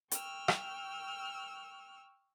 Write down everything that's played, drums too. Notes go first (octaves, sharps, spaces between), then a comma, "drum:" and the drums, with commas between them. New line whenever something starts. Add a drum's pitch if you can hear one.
G5 C#6 E6 F6, drum: hi-hat
drum: rim click